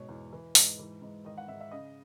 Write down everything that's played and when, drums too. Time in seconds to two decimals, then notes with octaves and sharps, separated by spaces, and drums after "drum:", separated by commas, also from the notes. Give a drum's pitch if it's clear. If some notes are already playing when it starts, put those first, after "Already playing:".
Already playing: G#2 B2 C#5
0.09 E2
0.33 E3
0.55 G#2, drum: open hi-hat
0.79 E3
1.02 G#2
1.25 D#3 D#5
1.38 F#5
1.48 G#2 E5
1.61 E5
1.71 C#3 D#5